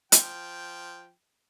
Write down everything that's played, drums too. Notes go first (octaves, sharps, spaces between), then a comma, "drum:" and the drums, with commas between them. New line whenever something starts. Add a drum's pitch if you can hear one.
F3 G5, drum: hi-hat